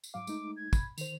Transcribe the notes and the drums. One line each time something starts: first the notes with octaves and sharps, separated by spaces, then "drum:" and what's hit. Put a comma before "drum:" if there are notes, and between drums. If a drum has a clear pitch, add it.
drum: tambourine
G#2 F#3 F5 D6
G#3 A3 D#4, drum: tambourine
G#6
B5, drum: kick, tambourine
D#3 C5 F7, drum: tambourine